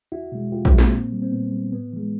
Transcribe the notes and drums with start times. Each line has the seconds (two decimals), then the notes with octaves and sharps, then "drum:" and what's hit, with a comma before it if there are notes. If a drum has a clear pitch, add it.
0.12 E2 E4 F#4
0.32 B2 G#3
0.52 E2 F4 G4
0.65 E4 F#4, drum: kick A#1
0.72 B2 G#3
0.78 A#3 C4, drum: snare
0.92 A#2
1.12 G3
1.22 C4
1.32 A#2 B3
1.52 G3
1.72 A2 B3
1.93 E3 G#3